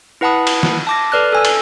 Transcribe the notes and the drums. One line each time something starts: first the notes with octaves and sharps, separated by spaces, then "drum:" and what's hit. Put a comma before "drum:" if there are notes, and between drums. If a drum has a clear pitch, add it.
E4 B4 F#5 A5 B5 D#6
drum: cymbal
drum: snare
A5 D6 A#6
A4 B4 D5 F6 F#6
A4 G#5 E6
drum: cymbal